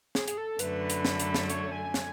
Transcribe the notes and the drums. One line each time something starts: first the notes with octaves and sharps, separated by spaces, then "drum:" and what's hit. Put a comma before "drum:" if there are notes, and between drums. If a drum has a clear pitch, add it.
G#4, drum: snare
G#4, drum: hi-hat
A4
F#2 D3 A3 B4, drum: hi-hat
drum: hi-hat
drum: snare
drum: hi-hat
drum: snare
C#5, drum: hi-hat
G#5
drum: snare